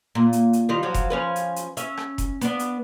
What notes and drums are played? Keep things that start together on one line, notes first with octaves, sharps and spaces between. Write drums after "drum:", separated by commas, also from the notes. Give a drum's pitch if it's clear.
A#2
drum: hi-hat
drum: hi-hat
D#3 G3 F4
F3 F#3
drum: kick F1, hi-hat
F3 C#4 B4
drum: hi-hat
drum: hi-hat
C#4 E5, drum: hi-hat
drum: rim click
drum: kick F1, hi-hat
B3 D4, drum: hi-hat
drum: hi-hat